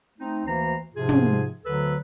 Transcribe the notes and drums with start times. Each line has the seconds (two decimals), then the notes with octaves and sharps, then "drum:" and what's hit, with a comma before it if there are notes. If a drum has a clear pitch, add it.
0.19 A3 C4 D#4
0.46 D2 E3 A#3 C5 A#5
0.94 G#2 C3 F3 F4 G#4
1.09 drum: tom
1.66 D2 D3 F#3 A4 B4